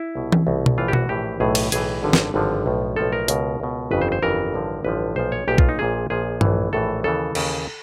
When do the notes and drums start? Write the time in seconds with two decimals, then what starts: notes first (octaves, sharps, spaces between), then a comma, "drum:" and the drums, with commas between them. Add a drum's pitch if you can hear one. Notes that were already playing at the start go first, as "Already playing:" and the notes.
Already playing: E4
0.15 C2 B2
0.32 drum: tom E3
0.47 C2 B2
0.66 drum: tom B2
0.78 A#1 A2 E3 F4
0.88 G4
0.93 F#4, drum: tom B2
1.09 A#1 A2 E3 G4
1.40 B1 A2 E3 G#4
1.55 drum: cymbal
1.72 B1 A2 E3 G#4, drum: hi-hat
2.03 G#1 G2 D3 F3
2.13 drum: snare
2.34 G#1 G2 D3 F3
2.66 B1 A2 F3
2.96 B1 A2 F3 A4
3.12 A#4
3.28 C#2 B2, drum: hi-hat
3.60 C#2 B2
3.91 G1 F2 C#3 E3 B4
4.02 C5
4.12 C5
4.22 G1 F2 C#3 E3 A#4
4.54 A1 G2 D3 F3
4.85 A1 G2 D3 F3 B4
5.16 B1 A#2 F3 C5
5.32 C#5
5.48 B1 A#2 F3 G4
5.58 F4, drum: kick B1
5.69 D#4
5.79 A#1 A#2 F3 G#4
6.10 A#1 A#2 F3 G#4
6.41 A#1 A2 E3, drum: tom G2
6.73 A#1 A2 E3 A4
7.04 D#2 C#3 E3 A4
7.35 D#2 C#3 E3, drum: cymbal